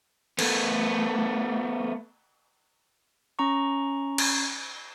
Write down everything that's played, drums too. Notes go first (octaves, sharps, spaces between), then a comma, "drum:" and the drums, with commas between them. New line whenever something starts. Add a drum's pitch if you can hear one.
A3 B3, drum: cymbal
C#4 A#5 C#6
drum: cymbal